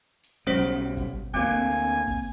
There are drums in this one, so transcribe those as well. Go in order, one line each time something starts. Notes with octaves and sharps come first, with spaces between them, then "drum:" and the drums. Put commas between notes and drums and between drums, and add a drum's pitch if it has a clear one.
drum: hi-hat
B1 F#3 G3 C#4 C5 B6
drum: hi-hat
drum: kick G#1, hi-hat
D2 G3 A#3 C4 G#5
drum: open hi-hat
drum: kick G#1, open hi-hat